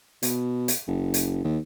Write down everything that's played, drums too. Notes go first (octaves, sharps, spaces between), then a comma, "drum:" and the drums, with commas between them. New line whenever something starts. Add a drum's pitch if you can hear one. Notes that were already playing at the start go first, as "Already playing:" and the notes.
B2, drum: hi-hat
drum: hi-hat
F#1
drum: hi-hat
D#2